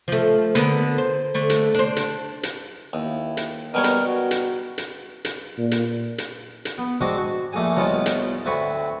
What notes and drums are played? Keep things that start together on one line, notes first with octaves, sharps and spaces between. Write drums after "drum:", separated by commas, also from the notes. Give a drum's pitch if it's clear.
F3 A3
D3 B3 A#4, drum: hi-hat
C5
D3 A3
drum: hi-hat
D4 C5
drum: hi-hat
drum: hi-hat
D#2 E4
drum: hi-hat
B2 G3 A#4 C#5
drum: hi-hat
F#4
drum: hi-hat
drum: hi-hat
drum: hi-hat
A#2
drum: hi-hat
drum: hi-hat
drum: hi-hat
B3
G#3 C4 D4 F#4 C5 D#5
F#4
A#1 A3 A#3 G#4 G#5
C2 B2 C#4 F4 G#4 A5
drum: hi-hat
D2 C4 B4 F#5 C#6